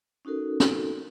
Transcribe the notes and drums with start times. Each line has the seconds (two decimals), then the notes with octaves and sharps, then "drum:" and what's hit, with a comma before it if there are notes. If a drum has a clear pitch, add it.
0.25 C#4 D#4 F#4 A4 A#4
0.60 drum: snare